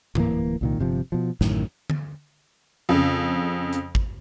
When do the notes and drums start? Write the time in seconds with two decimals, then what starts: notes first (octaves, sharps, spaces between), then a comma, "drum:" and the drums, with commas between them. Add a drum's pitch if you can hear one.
0.15 D1 E3 A#3, drum: tom G#2
0.61 C2 A#2 D#3
0.79 G1 C3 F3
1.12 B2 F3
1.41 A1 F#2 A2 D#3, drum: snare
1.90 drum: tom D3
2.89 F2 C#3
3.73 drum: hi-hat
3.95 drum: kick G#1